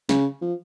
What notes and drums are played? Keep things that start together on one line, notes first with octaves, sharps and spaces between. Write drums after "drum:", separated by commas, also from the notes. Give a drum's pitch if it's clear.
C#3, drum: snare
F3